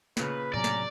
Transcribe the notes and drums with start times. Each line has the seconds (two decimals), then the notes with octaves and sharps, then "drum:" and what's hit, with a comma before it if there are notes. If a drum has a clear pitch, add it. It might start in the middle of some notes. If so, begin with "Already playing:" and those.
0.17 A#2 C#3 B4, drum: snare
0.54 A2 C3 F#3 C#4 D5 A#5
0.64 drum: snare